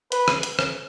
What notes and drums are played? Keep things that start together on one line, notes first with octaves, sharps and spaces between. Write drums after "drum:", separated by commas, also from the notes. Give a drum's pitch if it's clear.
B4, drum: hi-hat
drum: rim click
drum: hi-hat
drum: rim click